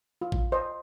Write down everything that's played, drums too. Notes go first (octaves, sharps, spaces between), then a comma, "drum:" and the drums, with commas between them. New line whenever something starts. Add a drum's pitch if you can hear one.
F4
drum: kick
C5 D#5